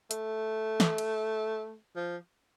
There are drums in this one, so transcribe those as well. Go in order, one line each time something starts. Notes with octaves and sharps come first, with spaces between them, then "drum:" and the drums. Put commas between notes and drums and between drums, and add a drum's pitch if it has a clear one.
A3, drum: hi-hat
drum: snare
drum: cymbal
F3